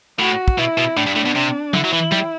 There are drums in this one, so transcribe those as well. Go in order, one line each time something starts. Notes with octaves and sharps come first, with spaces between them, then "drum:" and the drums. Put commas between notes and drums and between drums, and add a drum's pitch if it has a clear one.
A2 F#4
drum: kick
B2 E4
B2
A2 D4
G2
A2
B2
C3
D3 E4, drum: tom
F#3
E3
G3, drum: tom